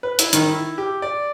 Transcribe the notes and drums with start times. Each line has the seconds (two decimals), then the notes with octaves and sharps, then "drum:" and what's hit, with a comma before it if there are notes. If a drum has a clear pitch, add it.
0.03 B4
0.19 E4, drum: hi-hat
0.33 D#3, drum: hi-hat
0.49 E4
0.78 G4
1.02 D5